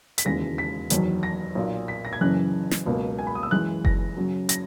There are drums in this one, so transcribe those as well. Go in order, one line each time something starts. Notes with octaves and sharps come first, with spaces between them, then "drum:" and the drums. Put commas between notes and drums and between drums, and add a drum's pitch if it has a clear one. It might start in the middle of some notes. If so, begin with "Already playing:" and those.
B6, drum: hi-hat
E1 D#2 C#3 E3 G#3 A#6
B6
F#1 E2 D#3 F#3, drum: hi-hat
A#6
B1 A#2 A#3
B6
A#6
G#6
F#1 F#2 C#3 E3 F#6
drum: snare
C#2 B2 F#3 A#3
G#5
B5
D#6
E6
F#2 E3 G#3 F#6
A#6, drum: kick F#1
F#2 C#3 F#3
A#6, drum: hi-hat